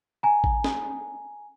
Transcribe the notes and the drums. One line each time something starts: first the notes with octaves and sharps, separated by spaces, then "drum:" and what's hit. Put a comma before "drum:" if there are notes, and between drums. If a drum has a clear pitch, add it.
G#5 A#5
drum: kick A1
drum: snare